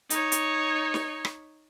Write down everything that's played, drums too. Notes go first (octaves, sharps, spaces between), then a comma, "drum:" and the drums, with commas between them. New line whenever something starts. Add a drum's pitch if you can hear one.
D#4 C#5, drum: hi-hat
drum: hi-hat
drum: snare
drum: rim click